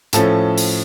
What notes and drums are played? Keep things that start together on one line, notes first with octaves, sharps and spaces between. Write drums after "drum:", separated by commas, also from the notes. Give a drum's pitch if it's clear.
A2 F3 C#4 A4 A5, drum: hi-hat
drum: open hi-hat